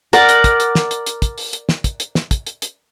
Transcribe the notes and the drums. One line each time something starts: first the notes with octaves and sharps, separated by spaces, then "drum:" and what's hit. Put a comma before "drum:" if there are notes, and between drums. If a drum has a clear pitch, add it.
A#4 D5 F#5, drum: hi-hat
drum: hi-hat
drum: kick, hi-hat
drum: hi-hat
drum: snare
drum: hi-hat
drum: hi-hat
drum: kick, hi-hat
drum: open hi-hat
drum: hi-hat
drum: snare
drum: kick, hi-hat
drum: hi-hat
drum: snare
drum: kick, hi-hat
drum: hi-hat
drum: hi-hat